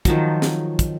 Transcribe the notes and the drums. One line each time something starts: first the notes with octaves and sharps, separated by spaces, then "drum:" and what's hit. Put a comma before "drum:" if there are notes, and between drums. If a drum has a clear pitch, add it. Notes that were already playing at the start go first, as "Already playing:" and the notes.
D#3 F3 F#3, drum: kick, hi-hat
drum: snare
drum: kick, hi-hat